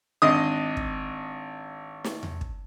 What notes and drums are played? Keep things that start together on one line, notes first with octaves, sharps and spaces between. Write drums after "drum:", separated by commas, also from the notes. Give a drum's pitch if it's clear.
G#1 D4 D#5 D#6
drum: kick
drum: snare
drum: tom E2
drum: kick